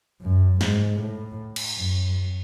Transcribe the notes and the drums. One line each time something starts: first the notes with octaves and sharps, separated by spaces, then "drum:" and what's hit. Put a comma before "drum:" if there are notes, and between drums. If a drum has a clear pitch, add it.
F#2
G#2, drum: snare
A2
drum: cymbal
F#2